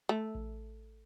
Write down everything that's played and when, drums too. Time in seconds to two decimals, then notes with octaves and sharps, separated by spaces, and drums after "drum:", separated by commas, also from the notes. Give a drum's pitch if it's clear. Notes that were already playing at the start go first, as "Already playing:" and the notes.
0.09 A3
0.35 drum: kick A1